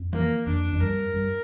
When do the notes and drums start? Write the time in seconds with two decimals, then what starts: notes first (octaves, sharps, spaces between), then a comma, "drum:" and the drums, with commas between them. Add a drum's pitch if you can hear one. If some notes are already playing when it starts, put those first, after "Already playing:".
Already playing: F2
0.13 A#3, drum: tom E3
0.47 F2 D4
0.73 F2
0.80 G2 A#4
1.14 G2